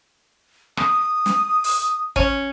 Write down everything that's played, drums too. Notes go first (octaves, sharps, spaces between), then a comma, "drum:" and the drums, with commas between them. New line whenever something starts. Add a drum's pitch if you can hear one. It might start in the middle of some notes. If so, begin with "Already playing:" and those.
D#6, drum: rim click
drum: snare
drum: open hi-hat
C#4, drum: kick